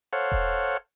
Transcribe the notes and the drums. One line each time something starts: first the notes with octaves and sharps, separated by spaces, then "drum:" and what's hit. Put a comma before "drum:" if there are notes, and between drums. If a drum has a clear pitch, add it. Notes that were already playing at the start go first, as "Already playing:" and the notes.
A4 C5 C#5 F5 F#5
drum: kick E1